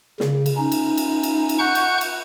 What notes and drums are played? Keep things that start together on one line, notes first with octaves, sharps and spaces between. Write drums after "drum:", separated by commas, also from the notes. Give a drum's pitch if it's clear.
C#3, drum: snare
drum: cymbal
C#4 D#4
drum: cymbal
drum: cymbal
drum: cymbal
drum: cymbal
F#5 C#6 F#6 G6
drum: cymbal
drum: cymbal